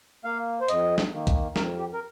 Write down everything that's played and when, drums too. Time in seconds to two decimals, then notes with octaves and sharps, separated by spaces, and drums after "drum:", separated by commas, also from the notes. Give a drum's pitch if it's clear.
0.25 A#3 F5
0.61 C5
0.68 F2 D#5, drum: hi-hat
0.98 drum: snare
1.13 D#3 A#3
1.27 drum: kick, hi-hat
1.56 F2 A#4, drum: snare
1.79 G4
1.93 A#4